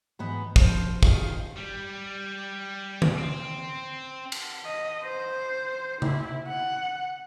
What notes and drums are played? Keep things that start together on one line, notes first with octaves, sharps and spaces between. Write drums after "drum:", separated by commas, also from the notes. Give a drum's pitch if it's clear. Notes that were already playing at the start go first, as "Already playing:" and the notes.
G#2 E3 B3
F3 C5, drum: kick
D#3 F4 G#4, drum: kick
G3
drum: tom D3
C4
drum: cymbal
D#5
C5
E4, drum: tom C#3
F#5